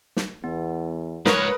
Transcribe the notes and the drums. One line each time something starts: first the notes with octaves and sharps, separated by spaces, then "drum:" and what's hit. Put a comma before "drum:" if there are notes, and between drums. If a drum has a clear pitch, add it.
drum: snare
E2 B3
G#2 A#4 B4 C#5 D#6, drum: snare